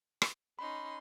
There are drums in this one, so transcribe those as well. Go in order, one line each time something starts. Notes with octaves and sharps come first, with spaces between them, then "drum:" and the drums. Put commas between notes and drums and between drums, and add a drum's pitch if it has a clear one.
drum: rim click
C#4 D#4 B5 C6